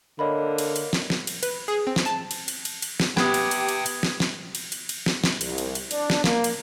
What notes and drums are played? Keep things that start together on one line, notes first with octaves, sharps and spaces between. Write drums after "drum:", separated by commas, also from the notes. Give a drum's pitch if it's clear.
D3 A#3 C#5 D#5 B5
drum: cymbal
drum: cymbal
drum: snare
drum: snare
drum: cymbal
B4, drum: cymbal
G#4
C4
drum: snare
A5
drum: cymbal
drum: cymbal
drum: cymbal
drum: cymbal
drum: snare
B3 G4 E5 G5 D#6 G#6, drum: snare
drum: cymbal
drum: cymbal
drum: cymbal
drum: cymbal
drum: snare
drum: snare
drum: cymbal
drum: cymbal
drum: cymbal
drum: snare
drum: snare
C2, drum: cymbal
drum: cymbal
drum: cymbal
D4, drum: cymbal
drum: snare
A#3, drum: snare
drum: cymbal